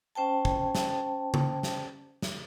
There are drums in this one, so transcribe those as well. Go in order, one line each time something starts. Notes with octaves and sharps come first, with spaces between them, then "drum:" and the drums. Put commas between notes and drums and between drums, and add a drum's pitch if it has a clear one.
C#4 C5 G5 A5
drum: kick
drum: snare
drum: tom C#3
drum: snare
drum: snare